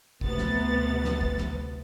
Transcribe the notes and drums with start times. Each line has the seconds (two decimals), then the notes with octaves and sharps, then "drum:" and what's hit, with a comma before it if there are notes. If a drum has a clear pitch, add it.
0.21 D2 C3 B3 A6, drum: kick
0.38 drum: snare
1.04 drum: snare
1.21 drum: kick
1.38 drum: snare